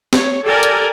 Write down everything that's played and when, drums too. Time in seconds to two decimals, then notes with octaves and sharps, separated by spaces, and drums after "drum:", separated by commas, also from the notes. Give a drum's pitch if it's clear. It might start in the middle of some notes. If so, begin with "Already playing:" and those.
0.13 C#5, drum: snare
0.45 G4 A4 A#4 D5 G#5
0.63 drum: hi-hat